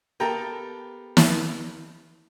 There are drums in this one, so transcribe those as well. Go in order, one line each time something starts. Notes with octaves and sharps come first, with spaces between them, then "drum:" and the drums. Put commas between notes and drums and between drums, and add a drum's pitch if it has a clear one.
A#3 B3 G4 A4 G5 A#5
drum: snare